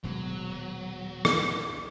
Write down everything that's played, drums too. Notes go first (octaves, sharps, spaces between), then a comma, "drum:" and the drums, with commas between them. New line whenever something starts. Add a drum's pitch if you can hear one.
D#1 B2 F#3 G#3
drum: rim click